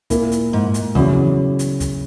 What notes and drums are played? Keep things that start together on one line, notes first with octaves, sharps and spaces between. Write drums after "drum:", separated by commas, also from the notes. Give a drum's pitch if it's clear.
A#2 A#3 E4, drum: kick, hi-hat
drum: hi-hat
G#2
drum: hi-hat
E2 C#3 F#3 C#4 E4, drum: kick
drum: hi-hat
drum: kick, hi-hat